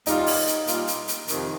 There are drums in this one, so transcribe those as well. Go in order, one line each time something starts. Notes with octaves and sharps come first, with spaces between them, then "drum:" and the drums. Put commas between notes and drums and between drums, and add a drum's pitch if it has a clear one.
A#2 G3 A#3 D#4 F4, drum: hi-hat
drum: open hi-hat
drum: hi-hat
A#2 G3 A#3 F4, drum: hi-hat
drum: hi-hat
drum: hi-hat
F2 C3 D#3, drum: hi-hat